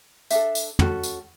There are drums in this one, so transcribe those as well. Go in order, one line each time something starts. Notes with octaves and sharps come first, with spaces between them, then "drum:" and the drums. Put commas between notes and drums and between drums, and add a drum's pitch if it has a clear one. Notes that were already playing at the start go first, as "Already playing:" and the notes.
D4 A4 E5, drum: tambourine
drum: tambourine
C#4 F#4 A4, drum: tom
drum: tambourine